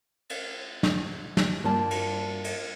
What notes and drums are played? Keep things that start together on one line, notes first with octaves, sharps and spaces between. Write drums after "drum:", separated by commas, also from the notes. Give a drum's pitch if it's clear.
drum: cymbal
drum: snare
drum: snare
G2 A#3 F4 D5 G5 A5
drum: cymbal
drum: cymbal